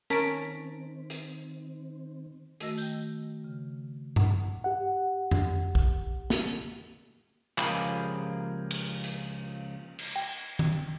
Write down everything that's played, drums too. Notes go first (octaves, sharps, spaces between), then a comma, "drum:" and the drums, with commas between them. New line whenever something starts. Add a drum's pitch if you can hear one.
D#3 C4 C#4 A#4 A5 A#5 B6 D7, drum: hi-hat
drum: hi-hat
D#3 A3 F#4 D#5 E6 A#6, drum: hi-hat
G5 G6, drum: tambourine
C#3
F#5, drum: tom G2
G4 F#5
drum: tom F2
drum: kick A#1
drum: snare
C#2 F3 A#3 G4 G#4 B5, drum: clap
drum: cymbal
drum: hi-hat
drum: cymbal
G5
drum: tom D#3